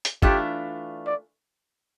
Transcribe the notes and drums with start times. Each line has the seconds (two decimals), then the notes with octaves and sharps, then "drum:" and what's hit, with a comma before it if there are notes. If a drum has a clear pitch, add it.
0.05 drum: hi-hat
0.22 E3 A3 D4 F4 G4, drum: kick
1.06 D5